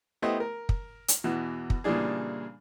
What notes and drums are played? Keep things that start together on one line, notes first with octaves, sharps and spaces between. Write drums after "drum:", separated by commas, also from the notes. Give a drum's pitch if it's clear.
A3 B3 E4 G4 C5 D#5
A#4
drum: kick
drum: hi-hat
E2 B2 E3
drum: kick
A#2 C#3 E3 G3 D4 G#4